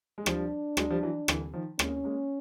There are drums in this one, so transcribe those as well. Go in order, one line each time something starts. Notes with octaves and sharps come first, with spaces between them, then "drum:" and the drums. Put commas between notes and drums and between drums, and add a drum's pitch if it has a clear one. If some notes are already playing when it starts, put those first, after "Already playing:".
G#3
F3 G3 D4, drum: rim click
F#3 G#3, drum: rim click
F3 G3
E3 F#3
D3 E3, drum: rim click
D#3 F3
G#3 A#3 C#4, drum: rim click
G#3 A#3